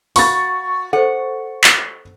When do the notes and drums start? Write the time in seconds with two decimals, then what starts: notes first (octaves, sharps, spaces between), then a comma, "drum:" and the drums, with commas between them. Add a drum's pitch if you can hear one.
0.16 F#4 B4 F5 B5 C#6 A6, drum: open hi-hat
0.93 A4 C5 F#5
1.64 drum: clap